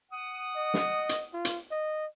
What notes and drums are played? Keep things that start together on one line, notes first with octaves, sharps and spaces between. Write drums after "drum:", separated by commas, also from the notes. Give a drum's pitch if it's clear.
F#5 D#6
D#5
drum: snare
drum: hi-hat
F4
drum: hi-hat
D#5